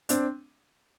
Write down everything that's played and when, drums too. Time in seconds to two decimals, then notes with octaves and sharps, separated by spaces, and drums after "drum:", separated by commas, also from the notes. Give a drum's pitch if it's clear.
0.09 C4 D4, drum: hi-hat